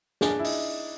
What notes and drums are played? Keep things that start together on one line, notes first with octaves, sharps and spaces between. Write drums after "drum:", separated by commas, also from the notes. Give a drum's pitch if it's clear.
D4 G#4, drum: snare
E4
D#4, drum: open hi-hat